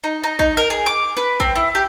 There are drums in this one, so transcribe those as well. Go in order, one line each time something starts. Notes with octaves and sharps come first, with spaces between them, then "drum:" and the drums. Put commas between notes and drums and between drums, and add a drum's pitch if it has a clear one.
D#4
D#4
D#4, drum: kick
A#4
G#4
D6
B4, drum: snare
C4, drum: kick
E4
G4